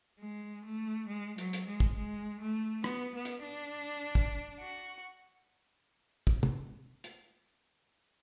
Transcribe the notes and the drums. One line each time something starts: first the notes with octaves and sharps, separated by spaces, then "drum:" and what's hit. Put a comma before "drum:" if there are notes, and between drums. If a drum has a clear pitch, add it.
G#3
A3
G#3
F#3, drum: hi-hat
drum: hi-hat
G#3
drum: kick
G#3
A3
B3, drum: rim click
B3
drum: hi-hat
D4
drum: kick
F#4
drum: kick
drum: tom
drum: hi-hat